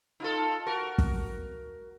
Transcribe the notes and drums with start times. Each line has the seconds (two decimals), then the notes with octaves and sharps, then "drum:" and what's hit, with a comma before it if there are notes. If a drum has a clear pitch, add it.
0.20 D#4 F4 A4
0.66 F#4 A#4
0.98 drum: kick